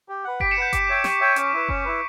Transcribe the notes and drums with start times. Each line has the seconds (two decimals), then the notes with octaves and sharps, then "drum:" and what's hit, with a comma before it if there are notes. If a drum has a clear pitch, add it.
0.09 G4
0.24 B4 F#5
0.40 G4 B6 D7, drum: kick F#1
0.51 C#7 E7
0.57 B4 F#5 G6
0.73 G4 D6, drum: kick F#1, hi-hat
0.89 C#5 E5 G5
1.04 G4 C#6, drum: snare
1.21 C#5 E5 G5
1.36 C#4, drum: hi-hat
1.53 E4 B4
1.69 C#4, drum: kick F#1
1.85 E4 B4